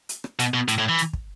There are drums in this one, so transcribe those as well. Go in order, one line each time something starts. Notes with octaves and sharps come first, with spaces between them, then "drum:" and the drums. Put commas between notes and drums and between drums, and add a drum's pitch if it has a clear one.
drum: hi-hat
drum: rim click
B2, drum: hi-hat
B2
A2, drum: hi-hat
A2
E3
drum: hi-hat
drum: kick